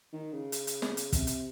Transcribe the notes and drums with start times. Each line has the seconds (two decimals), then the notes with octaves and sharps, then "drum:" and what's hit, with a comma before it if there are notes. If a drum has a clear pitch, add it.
0.13 D#3
0.33 C#3
0.52 drum: hi-hat
0.67 drum: hi-hat
0.82 drum: snare
0.97 drum: hi-hat
1.12 C3, drum: kick, hi-hat
1.27 drum: hi-hat